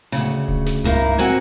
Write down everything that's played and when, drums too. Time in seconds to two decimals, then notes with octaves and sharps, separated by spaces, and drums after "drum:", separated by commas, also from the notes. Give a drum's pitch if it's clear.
0.12 D2 G2 C#3
0.48 drum: kick D1
0.66 drum: snare
0.84 G2 A#3 D#4 E4, drum: tom C#2
1.18 A#3 C4 F#4 G#5